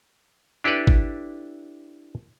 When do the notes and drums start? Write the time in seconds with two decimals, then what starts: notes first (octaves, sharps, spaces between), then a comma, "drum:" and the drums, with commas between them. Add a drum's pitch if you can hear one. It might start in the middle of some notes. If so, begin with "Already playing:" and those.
0.64 D4 E4 G4 A4 B4 D5
0.87 drum: kick G#1